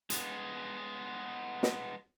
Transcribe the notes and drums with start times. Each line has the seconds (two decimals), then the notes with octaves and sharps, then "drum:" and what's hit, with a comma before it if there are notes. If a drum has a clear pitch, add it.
0.10 G#3 B3, drum: hi-hat
1.63 drum: snare